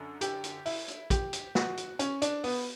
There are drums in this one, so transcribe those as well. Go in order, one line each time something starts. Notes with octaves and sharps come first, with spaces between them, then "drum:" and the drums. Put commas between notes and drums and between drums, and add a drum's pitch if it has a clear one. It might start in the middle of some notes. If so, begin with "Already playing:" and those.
Already playing: F#2 D3
G4, drum: hi-hat
drum: hi-hat
E4, drum: open hi-hat
drum: hi-hat
G4, drum: kick, hi-hat
drum: hi-hat
F#4, drum: snare
drum: hi-hat
C#4, drum: hi-hat
D4, drum: hi-hat
B3, drum: open hi-hat